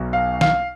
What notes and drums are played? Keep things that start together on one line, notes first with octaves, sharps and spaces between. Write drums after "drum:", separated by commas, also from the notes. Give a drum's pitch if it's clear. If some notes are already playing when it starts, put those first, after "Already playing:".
Already playing: B1 B2 F#3
F5
F5, drum: snare